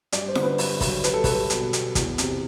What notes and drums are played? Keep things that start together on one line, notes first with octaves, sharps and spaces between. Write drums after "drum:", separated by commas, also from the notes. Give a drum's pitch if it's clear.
G2 D5, drum: hi-hat
C5
D3, drum: snare F4
B4
G2, drum: open hi-hat
F#3, drum: kick, open hi-hat
G3 B4, drum: hi-hat
A4
G3 B4, drum: kick, open hi-hat
B2, drum: hi-hat
B2, drum: hi-hat
E2, drum: kick, hi-hat
C3, drum: hi-hat